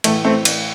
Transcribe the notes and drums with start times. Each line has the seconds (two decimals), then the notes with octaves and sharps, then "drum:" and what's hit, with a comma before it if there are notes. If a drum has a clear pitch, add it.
0.04 A2 E3 A3, drum: cymbal
0.25 A3 C4
0.45 drum: cymbal